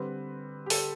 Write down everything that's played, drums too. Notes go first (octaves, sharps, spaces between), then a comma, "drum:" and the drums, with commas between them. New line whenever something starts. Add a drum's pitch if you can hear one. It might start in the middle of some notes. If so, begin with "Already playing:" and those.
Already playing: D3 G3 C4 B4
G4
A4, drum: open hi-hat